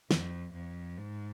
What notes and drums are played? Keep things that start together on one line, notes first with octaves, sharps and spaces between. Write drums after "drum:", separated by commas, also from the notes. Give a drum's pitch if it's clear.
F2, drum: snare
F2
G#2